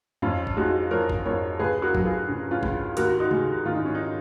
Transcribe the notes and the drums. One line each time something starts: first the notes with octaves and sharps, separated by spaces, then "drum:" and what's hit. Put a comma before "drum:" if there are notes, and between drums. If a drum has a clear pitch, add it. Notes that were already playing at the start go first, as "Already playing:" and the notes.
F2 C#4 F4, drum: tom F#2
drum: kick G1
G#3 D#4 F#4
F3 A#4 C#5
drum: kick G1
F2 A#4 C#5
C#2 G#4 B4
F#4 A#4
F#3, drum: kick G1
F4 G#4
C#3
C#4 F4
C#2, drum: kick G1
D#2 F#4 A#4, drum: hi-hat
D#4 F#4
G#3, drum: tom C3
D#3 F4
D#4
C#4
D#4